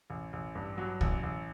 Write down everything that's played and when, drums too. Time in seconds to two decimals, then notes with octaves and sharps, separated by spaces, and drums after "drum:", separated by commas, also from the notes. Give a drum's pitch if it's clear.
0.10 A1
0.33 A1
0.55 G2
0.78 F#3
1.01 A1, drum: kick C#2
1.23 A1